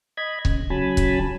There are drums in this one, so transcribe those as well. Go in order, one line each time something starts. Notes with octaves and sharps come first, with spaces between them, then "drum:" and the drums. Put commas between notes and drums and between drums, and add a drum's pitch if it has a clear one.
D#5 B5 G#6
C#3, drum: kick C#1
C#3 F#3 G#5 A5 B5
drum: kick C#1, hi-hat